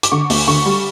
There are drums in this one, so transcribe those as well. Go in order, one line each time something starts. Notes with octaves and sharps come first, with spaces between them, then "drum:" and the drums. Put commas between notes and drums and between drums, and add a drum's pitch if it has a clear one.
D6, drum: hi-hat
D3 C#6
D2, drum: open hi-hat
D3 C#6
G3